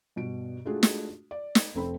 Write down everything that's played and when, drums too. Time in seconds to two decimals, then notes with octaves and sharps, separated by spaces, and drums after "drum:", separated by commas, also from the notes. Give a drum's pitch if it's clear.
0.16 G2 B2 D7
0.65 G#3 A3 D4 F4 F#4 G#4
0.83 drum: snare
1.31 D5
1.55 drum: snare
1.75 F1 A3 C4 A4 B5